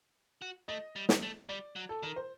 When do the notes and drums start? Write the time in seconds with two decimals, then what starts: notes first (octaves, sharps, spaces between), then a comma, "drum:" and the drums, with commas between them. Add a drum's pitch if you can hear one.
0.42 F#4
0.68 A3 D#5
0.96 G3
1.09 drum: snare
1.22 A3
1.49 G3 D5
1.76 F#3
1.89 A4
2.03 D#3 A#4
2.16 C5